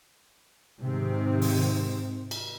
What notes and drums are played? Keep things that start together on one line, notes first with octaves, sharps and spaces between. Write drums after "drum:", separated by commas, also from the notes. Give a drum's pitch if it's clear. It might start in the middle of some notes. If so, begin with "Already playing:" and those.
G#2 C3 D#3 C4
drum: open hi-hat
drum: cymbal